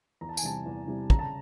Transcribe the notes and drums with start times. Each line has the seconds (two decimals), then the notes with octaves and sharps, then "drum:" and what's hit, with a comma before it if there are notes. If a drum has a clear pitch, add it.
0.21 E2 A#5
0.29 A5
0.37 G#5, drum: tambourine
0.43 C3 E3 G3 A5
0.66 E2
0.87 C3 E3 G3
1.10 C#3 A#5, drum: kick
1.19 A5